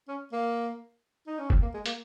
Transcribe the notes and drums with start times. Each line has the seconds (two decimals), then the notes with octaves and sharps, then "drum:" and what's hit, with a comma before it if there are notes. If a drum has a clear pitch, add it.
0.08 C#4
0.33 A#3
1.27 D#4
1.39 C#4
1.50 C4, drum: kick F1
1.62 A#3
1.74 G#3
1.86 A#3, drum: hi-hat